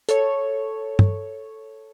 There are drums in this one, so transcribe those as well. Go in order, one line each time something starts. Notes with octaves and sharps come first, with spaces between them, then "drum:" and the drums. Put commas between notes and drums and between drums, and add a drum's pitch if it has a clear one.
A4 C#5, drum: hi-hat
drum: tom